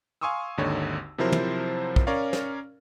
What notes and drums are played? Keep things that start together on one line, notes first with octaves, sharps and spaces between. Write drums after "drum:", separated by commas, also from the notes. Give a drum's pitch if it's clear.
F5 G#5 C6 C#6 D#6 E6
G#1 D#2 D3 D#4 C#5
C3 F3 F#3 E4 A#4 C5
drum: tom
drum: kick
C#4 A#4 C#5 D5 F5
drum: snare